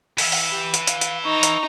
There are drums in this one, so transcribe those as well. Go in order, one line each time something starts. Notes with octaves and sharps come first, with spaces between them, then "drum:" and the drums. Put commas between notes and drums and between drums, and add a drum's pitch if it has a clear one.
B4 E5, drum: open hi-hat
drum: open hi-hat
G4
drum: hi-hat
F5, drum: hi-hat
drum: hi-hat
D#4 A#5 C#6
drum: hi-hat